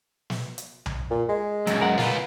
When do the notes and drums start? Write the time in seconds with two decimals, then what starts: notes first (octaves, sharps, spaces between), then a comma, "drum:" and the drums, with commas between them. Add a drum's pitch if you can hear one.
0.30 drum: snare
0.58 drum: hi-hat
0.86 drum: tom B1
1.10 A#2
1.29 G#3
1.67 C#2 F#2 F#3, drum: hi-hat
1.81 A#4 F#5
1.98 F4 B4, drum: snare